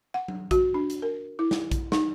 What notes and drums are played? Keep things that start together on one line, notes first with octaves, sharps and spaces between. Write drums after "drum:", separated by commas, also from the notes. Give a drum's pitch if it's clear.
F#5
drum: tom F#3
F#4, drum: kick A#1, hi-hat
D4
drum: hi-hat
A#4
E4
drum: snare
drum: kick A#1, hi-hat
D#4, drum: snare